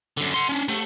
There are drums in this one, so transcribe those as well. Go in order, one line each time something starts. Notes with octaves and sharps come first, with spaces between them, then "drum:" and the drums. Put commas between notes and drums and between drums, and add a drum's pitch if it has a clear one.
F#2 D3
F#5 C6
C#4 D4
A3, drum: cymbal